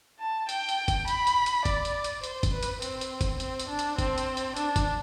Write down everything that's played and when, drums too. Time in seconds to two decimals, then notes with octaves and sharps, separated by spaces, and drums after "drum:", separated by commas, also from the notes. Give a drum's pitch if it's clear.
0.20 A5
0.49 G5, drum: hi-hat
0.69 drum: hi-hat
0.88 drum: kick, hi-hat
1.08 B5, drum: hi-hat
1.27 drum: hi-hat
1.46 drum: hi-hat
1.65 D5, drum: kick, hi-hat
1.85 drum: hi-hat
2.04 drum: hi-hat
2.24 C5, drum: hi-hat
2.43 drum: kick, hi-hat
2.53 B4
2.63 drum: hi-hat
2.82 C4, drum: hi-hat
3.01 drum: hi-hat
3.21 drum: kick, hi-hat
3.40 C4, drum: hi-hat
3.59 drum: hi-hat
3.69 D4
3.79 drum: hi-hat
3.98 C4, drum: kick, hi-hat
4.18 drum: hi-hat
4.37 drum: hi-hat
4.56 D4, drum: hi-hat
4.76 drum: kick, hi-hat